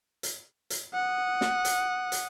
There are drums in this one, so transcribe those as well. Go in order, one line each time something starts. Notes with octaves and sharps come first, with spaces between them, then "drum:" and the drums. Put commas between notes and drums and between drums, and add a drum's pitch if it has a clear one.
drum: hi-hat
drum: hi-hat
F#5 D#6
drum: snare
drum: hi-hat
drum: hi-hat